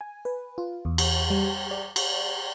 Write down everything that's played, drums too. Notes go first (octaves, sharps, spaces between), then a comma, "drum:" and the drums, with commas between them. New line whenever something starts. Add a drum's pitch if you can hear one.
G#5
B4
F4
E2
drum: cymbal
G3
D5
drum: cymbal